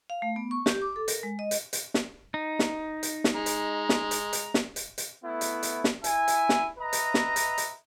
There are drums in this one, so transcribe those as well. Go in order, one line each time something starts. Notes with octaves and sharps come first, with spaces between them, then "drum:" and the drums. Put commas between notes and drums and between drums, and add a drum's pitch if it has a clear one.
F5
A3
B3
C#6
G4, drum: snare
D6
A4
A#4, drum: hi-hat
G#3
D#5
drum: hi-hat
drum: hi-hat
drum: snare
D#4
drum: snare
drum: hi-hat
drum: snare
G#3 A#5
drum: hi-hat
drum: snare
drum: hi-hat
drum: hi-hat
drum: snare
drum: hi-hat
drum: hi-hat
A3 B3 E4
drum: hi-hat
drum: hi-hat
drum: snare
E4 E5 G#5, drum: hi-hat
drum: hi-hat
drum: snare
B4 D#5 E5 A#5
drum: hi-hat
drum: snare
drum: hi-hat
drum: hi-hat